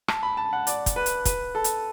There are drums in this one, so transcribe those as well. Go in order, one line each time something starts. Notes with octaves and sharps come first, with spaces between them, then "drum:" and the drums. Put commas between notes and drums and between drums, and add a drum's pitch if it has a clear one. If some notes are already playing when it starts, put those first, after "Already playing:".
A5, drum: rim click
B5
A5
F#5
D5, drum: hi-hat
drum: kick, hi-hat
B4
drum: hi-hat
B4, drum: kick, hi-hat
A4
drum: hi-hat